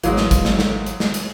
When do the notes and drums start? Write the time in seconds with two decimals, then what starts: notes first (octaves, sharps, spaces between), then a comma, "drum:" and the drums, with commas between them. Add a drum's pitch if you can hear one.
0.03 G#1 E3 F#3 G#3 A#4 F5, drum: hi-hat
0.17 drum: snare
0.31 drum: kick, hi-hat
0.45 drum: snare
0.59 drum: snare
0.86 drum: hi-hat
1.00 drum: snare
1.14 drum: hi-hat